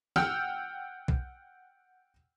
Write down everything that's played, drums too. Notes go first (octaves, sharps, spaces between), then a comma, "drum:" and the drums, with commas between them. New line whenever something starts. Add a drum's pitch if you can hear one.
F#5 G5 E6 F6 G6, drum: snare
drum: kick B1